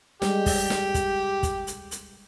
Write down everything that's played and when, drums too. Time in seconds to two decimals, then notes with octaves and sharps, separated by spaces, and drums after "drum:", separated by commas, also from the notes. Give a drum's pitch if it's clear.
0.22 G3 G#3 G4, drum: snare
0.46 drum: kick, open hi-hat
0.70 drum: snare
0.94 drum: kick, hi-hat
1.43 drum: kick, hi-hat
1.67 drum: hi-hat
1.91 drum: hi-hat